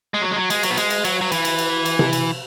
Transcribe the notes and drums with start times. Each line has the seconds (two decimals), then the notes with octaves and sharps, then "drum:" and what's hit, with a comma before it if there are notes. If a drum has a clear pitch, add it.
0.14 G#3
0.22 F#3
0.31 G#3
0.36 F#3
0.50 G#3, drum: cymbal
0.63 F#3, drum: cymbal
0.70 B3
0.77 G#3, drum: cymbal
0.90 drum: cymbal
1.05 F#3, drum: cymbal
1.21 F#3
1.32 E3, drum: cymbal
1.45 drum: cymbal
1.58 drum: cymbal
1.85 drum: cymbal
1.99 drum: tom C3
2.13 drum: cymbal